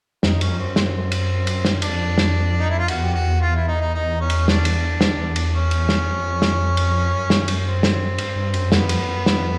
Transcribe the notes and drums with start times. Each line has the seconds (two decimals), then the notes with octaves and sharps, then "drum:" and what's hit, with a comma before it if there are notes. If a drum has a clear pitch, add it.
0.23 F2 D#4, drum: snare
0.41 F#2 C#4, drum: cymbal
0.51 F2
0.58 F#2 C4
0.76 C4, drum: snare
1.12 drum: cymbal
1.47 drum: cymbal
1.65 drum: snare
1.82 F2 D4, drum: cymbal
2.18 drum: snare
2.60 D#4
2.70 E4
2.79 F4
2.88 E2 F#4, drum: cymbal
3.02 F2 G4
3.14 E2 F#4
3.41 F4
3.55 E4
3.68 D#4
3.81 D#4
3.94 D#4
4.21 C#4
4.30 drum: cymbal
4.48 D4, drum: snare
4.65 drum: cymbal
5.01 E2, drum: snare
5.18 E2
5.36 drum: cymbal
5.54 C#4
5.71 drum: cymbal
5.89 drum: snare
6.06 F2
6.42 drum: snare
6.77 drum: cymbal
7.13 F#2
7.30 drum: snare
7.48 drum: cymbal
7.65 C4
7.83 drum: snare
8.18 G2, drum: cymbal
8.36 G2
8.54 F#2, drum: cymbal
8.72 F2 B3, drum: snare
8.80 F#2
8.89 F2, drum: cymbal
8.99 F#2
9.08 F2
9.17 F#2
9.26 F2, drum: snare